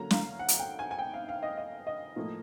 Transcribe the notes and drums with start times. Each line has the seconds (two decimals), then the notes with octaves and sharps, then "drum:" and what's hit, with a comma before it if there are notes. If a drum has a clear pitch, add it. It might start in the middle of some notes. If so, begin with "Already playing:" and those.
Already playing: D3 F#3 A#3 C#4 A#5
0.11 F5, drum: snare
0.39 F#5
0.48 drum: hi-hat
0.59 G5
0.79 G#5
0.91 G#5
0.99 G5
1.14 F5
1.29 F5
1.43 D#5
1.58 D#5
1.87 D#5
2.16 A2 F3 A#3